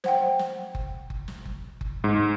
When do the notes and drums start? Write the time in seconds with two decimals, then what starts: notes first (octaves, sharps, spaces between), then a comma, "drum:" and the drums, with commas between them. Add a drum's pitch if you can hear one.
0.04 C5 F#5 G5, drum: snare
0.39 drum: snare
0.75 drum: kick F#1
1.10 drum: kick F#1
1.28 drum: snare
1.45 drum: kick F#1
1.81 drum: kick F#1
2.04 G#2